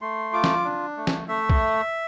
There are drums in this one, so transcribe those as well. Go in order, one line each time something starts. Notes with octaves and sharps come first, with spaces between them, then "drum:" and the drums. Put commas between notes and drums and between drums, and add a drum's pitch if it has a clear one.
A3 C6
F4 D6
drum: snare
D4
A3
drum: snare
A3 E5
drum: kick B1